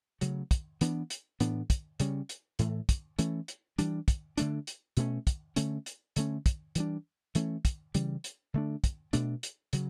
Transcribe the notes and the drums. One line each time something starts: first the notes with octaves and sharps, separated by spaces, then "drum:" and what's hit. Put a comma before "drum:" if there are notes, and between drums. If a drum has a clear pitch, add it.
C#3 F#3 A3, drum: hi-hat
drum: kick, hi-hat
E3 B3 D4, drum: hi-hat
drum: hi-hat
A2 E3 B3 D4, drum: hi-hat
drum: kick, hi-hat
C#3 G3 C#4, drum: hi-hat
drum: hi-hat
A2 E3 A3, drum: hi-hat
drum: kick, hi-hat
E3 A3 C#4, drum: hi-hat
drum: hi-hat
E3 G3 D4, drum: hi-hat
drum: kick, hi-hat
D3 A3 D4, drum: hi-hat
drum: hi-hat
B2 A3 C#4, drum: hi-hat
drum: kick, hi-hat
D3 A3 C#4, drum: hi-hat
drum: hi-hat
D3 A3 C#4, drum: hi-hat
drum: kick, hi-hat
E3 G3 D4, drum: hi-hat
E3 A3 C#4, drum: hi-hat
drum: kick, hi-hat
C#3 E3 G3, drum: hi-hat
drum: hi-hat
D3 A3 D4
drum: kick, hi-hat
B2 A3 D4, drum: hi-hat
drum: hi-hat
C#3 F#3, drum: hi-hat